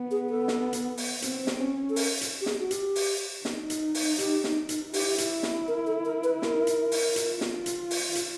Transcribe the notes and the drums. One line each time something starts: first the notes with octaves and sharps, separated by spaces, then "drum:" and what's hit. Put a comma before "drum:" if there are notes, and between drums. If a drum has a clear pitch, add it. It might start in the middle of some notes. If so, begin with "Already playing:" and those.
Already playing: B3
G#4
A4
drum: snare
drum: hi-hat
drum: open hi-hat
C4, drum: hi-hat
drum: snare
C#4
A4
A#4, drum: open hi-hat
drum: hi-hat
G4
G#4, drum: snare
F#4
G4, drum: hi-hat
drum: open hi-hat
D#4, drum: snare
drum: hi-hat
drum: open hi-hat
G4, drum: hi-hat
drum: snare
drum: hi-hat
E4 G4, drum: open hi-hat
drum: hi-hat
drum: snare
A#4
A4
A#4
B4
A#4, drum: snare
drum: hi-hat
drum: open hi-hat
F4, drum: hi-hat
drum: snare
drum: hi-hat
drum: open hi-hat
drum: hi-hat